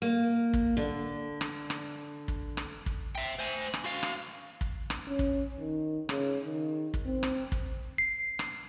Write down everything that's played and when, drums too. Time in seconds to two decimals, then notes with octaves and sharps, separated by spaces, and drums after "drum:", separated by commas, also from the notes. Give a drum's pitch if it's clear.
0.02 A#3
0.54 drum: kick
0.77 D3
1.41 drum: rim click
1.70 drum: rim click
2.28 drum: kick
2.57 drum: rim click
2.86 drum: kick
3.15 E5 G5
3.39 C5 G#5
3.74 drum: rim click
3.85 F#4 F5
4.03 drum: rim click
4.61 drum: kick
4.90 drum: rim click
5.07 C#4
5.19 drum: kick
5.60 D#3
6.09 C#3, drum: rim click
6.44 D#3
6.94 drum: kick
7.06 C4
7.23 drum: rim click
7.52 drum: kick
7.98 C7
8.39 drum: rim click